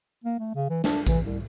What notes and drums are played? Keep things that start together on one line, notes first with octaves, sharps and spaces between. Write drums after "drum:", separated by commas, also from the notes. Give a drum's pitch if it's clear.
A#3
A3
C#3
E3
D4, drum: snare
E3, drum: kick A1, tambourine
C2